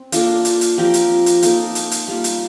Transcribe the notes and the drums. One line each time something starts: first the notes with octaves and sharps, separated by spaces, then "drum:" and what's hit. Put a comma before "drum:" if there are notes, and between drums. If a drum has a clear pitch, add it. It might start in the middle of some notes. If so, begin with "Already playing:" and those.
Already playing: C4
A#3 D4 F4 A4, drum: hi-hat
drum: hi-hat
drum: hi-hat
F3 C4 G4 A#4
drum: hi-hat
drum: hi-hat
A#3 D#4 A4, drum: hi-hat
drum: hi-hat
drum: hi-hat
G3 A#3 F4
drum: hi-hat